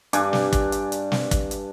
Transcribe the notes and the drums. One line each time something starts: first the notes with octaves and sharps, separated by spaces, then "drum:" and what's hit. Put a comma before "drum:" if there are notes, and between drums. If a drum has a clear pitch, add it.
G2 D4 G#5 D6, drum: hi-hat
drum: snare
drum: kick, hi-hat
drum: hi-hat
drum: hi-hat
drum: snare
drum: kick, hi-hat
drum: hi-hat